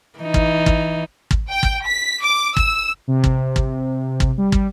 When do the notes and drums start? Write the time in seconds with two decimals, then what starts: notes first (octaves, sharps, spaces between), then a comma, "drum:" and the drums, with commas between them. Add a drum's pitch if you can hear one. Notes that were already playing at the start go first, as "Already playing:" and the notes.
0.19 E3 D#4
0.34 drum: kick
0.66 drum: kick
1.31 drum: kick
1.52 G5
1.63 drum: kick
1.87 B6
2.23 D6
2.57 E6, drum: kick
3.08 C3
3.24 drum: kick
3.56 drum: kick
4.20 drum: kick
4.38 G3
4.52 drum: kick